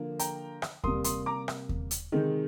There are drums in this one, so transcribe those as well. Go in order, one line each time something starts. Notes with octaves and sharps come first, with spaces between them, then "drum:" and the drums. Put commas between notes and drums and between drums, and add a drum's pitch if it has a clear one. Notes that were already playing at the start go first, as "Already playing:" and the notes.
Already playing: D3 F3 A#3
G5 A#5, drum: hi-hat
drum: rim click
C3 G3 A#3 C6 D#6, drum: kick D#2
C6 D#6, drum: hi-hat
A#5 D6
drum: rim click
drum: kick D#2
drum: hi-hat
C3 D#3 G#3 D#4